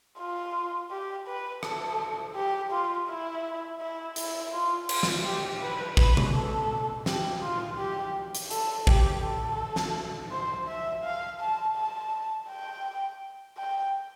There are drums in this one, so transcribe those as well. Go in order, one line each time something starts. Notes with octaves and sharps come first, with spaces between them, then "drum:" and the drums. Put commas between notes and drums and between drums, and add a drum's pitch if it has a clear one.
F4
G4
B4
A4, drum: rim click
G4
F4
E4
E4
E4, drum: hi-hat
F4
F4, drum: cymbal
drum: snare
G4
B4
B4, drum: kick
drum: tom B2
A4
G4, drum: snare
F4
G4
drum: hi-hat
A4, drum: hi-hat
G4, drum: kick
A4
drum: snare
C5
E5
F5
A5
A5
G5
G5